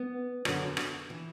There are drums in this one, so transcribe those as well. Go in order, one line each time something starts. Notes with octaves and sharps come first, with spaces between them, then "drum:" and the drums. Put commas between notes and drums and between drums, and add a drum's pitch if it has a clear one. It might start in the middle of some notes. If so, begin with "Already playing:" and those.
Already playing: B3
F#2 D3, drum: rim click
drum: rim click
E3